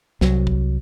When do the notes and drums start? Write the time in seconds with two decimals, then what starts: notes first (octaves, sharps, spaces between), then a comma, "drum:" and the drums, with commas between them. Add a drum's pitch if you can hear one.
0.21 C2 F#3, drum: snare
0.47 drum: kick G#1